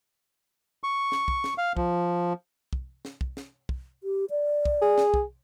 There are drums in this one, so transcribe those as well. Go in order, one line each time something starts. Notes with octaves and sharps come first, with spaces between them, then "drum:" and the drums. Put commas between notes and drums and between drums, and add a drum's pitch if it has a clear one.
C#6
drum: snare
drum: kick
drum: snare
F5
F3, drum: kick
drum: kick
drum: snare
drum: kick
drum: snare
drum: kick
G4
D5
drum: kick
G#4
drum: snare
drum: kick